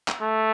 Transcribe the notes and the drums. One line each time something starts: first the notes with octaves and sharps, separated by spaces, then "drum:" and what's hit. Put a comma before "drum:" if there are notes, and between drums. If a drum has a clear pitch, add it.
drum: clap
A3